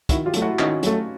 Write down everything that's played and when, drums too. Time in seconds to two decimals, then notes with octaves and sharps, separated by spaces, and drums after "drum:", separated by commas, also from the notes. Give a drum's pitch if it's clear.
0.09 D#3 E4 F#4, drum: kick, hi-hat
0.26 F4 G4
0.34 F#3 A3, drum: hi-hat
0.42 E4 F#4
0.59 D#3 C#4 D#4, drum: clap
0.83 F#3 A3, drum: hi-hat